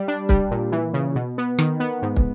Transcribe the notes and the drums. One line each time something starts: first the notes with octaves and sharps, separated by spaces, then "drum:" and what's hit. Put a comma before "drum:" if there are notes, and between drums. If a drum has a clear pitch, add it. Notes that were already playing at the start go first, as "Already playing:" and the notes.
Already playing: G3
D4
G3, drum: kick
A#2
E3
C#3
B2
B3
D#3, drum: rim click
B3
G#2
drum: kick